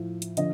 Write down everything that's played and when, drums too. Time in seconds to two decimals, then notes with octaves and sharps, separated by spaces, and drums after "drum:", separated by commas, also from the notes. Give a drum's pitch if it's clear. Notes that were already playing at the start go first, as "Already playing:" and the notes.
Already playing: A2 F3
0.22 drum: hi-hat
0.37 D3 F3 D#5, drum: hi-hat